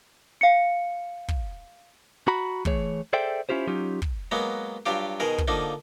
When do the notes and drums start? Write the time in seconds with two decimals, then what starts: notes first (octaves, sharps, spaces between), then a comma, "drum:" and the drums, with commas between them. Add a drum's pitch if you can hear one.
0.41 F5 C#7
1.28 drum: kick
2.28 F#4 A#5 B5
2.65 E3 A3 G#4 C#5, drum: kick
3.13 G#4 A4 C5 D5 E5 G5
3.49 C#4 E4 F4 G4 C5
3.68 F#3 C#4 D#4 F4 G4
4.02 drum: kick
4.31 F#3 G#3 A#3 B3
4.86 G2 F#3 F4 G4
5.20 B2 D#3 G#4 A#4
5.38 drum: kick
5.48 D3 F3 A#3 D#4